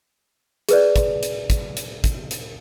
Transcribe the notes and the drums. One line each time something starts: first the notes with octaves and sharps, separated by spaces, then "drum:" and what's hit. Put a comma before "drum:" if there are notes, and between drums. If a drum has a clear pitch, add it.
G#4 B4 D5, drum: hi-hat
drum: kick, hi-hat
drum: hi-hat
drum: kick, hi-hat
drum: hi-hat
drum: kick, hi-hat
drum: hi-hat